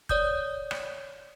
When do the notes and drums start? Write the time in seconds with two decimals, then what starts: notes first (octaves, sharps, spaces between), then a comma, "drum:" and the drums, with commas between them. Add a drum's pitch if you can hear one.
0.09 C#5 D5 D#6 G6, drum: kick F1
0.71 drum: rim click